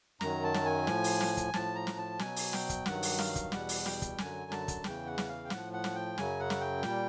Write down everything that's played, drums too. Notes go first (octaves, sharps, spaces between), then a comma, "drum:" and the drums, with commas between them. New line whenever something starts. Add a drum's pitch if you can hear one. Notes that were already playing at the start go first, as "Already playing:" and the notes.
F#2 D#3 F#3 A#5, drum: snare
A5
drum: snare
G#5
A2 F3, drum: snare
drum: open hi-hat
drum: snare
drum: kick, hi-hat
A2 F3 A5, drum: snare
A#5
drum: snare
A5
B2 F#3 G#5, drum: snare
drum: open hi-hat
G5, drum: snare
drum: kick, hi-hat
G2 D#3 F#3 F#5, drum: snare
drum: open hi-hat
F5, drum: snare
drum: kick, hi-hat
E2 B2 G3 F#5, drum: snare
drum: open hi-hat
G5, drum: snare
drum: kick, hi-hat
F#2 D3 F#3 G#5, drum: snare
A5, drum: snare
drum: kick, hi-hat
E2 C#3 E3 G5, drum: snare
F#5
drum: snare
F5
G5
A2 F3 F#5, drum: snare
F#5
drum: snare
G5
F#2 C#3 F#3 G#5, drum: snare
F#5
drum: snare
G5
A#2 G3, drum: snare